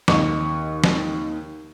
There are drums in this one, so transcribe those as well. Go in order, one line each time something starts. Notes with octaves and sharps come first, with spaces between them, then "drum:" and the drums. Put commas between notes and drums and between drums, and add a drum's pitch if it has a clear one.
D#2 D#5 C#6, drum: snare
drum: snare